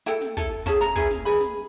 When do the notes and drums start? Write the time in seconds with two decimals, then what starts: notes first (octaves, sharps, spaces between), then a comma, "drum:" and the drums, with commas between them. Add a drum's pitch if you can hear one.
0.06 E4 A4 G5
0.21 drum: snare
0.37 E4 A4, drum: kick
0.66 C#4 E4 G#4 A5, drum: kick
0.81 A#5
0.96 C#4 E4 G#4 B4, drum: kick
1.11 drum: snare
1.25 D#4 G#4 B4 B5
1.41 drum: snare